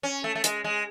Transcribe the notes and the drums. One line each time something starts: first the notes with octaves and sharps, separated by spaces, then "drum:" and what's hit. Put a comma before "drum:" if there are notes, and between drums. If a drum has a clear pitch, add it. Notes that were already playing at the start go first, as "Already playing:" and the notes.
C#4
A3
A3
G#3, drum: hi-hat
G#3